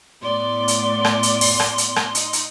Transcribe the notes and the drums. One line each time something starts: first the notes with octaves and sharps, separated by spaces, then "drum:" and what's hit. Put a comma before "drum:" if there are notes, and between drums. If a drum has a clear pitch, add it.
A2 B3 D5 C6
drum: hi-hat
drum: rim click
drum: hi-hat
drum: open hi-hat
drum: rim click
drum: hi-hat
drum: rim click
D#4, drum: hi-hat
drum: hi-hat